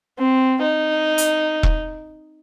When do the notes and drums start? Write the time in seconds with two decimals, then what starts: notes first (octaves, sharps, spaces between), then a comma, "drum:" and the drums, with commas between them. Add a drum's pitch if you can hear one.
0.18 C4
0.62 D#4
1.18 drum: hi-hat
1.63 drum: kick E1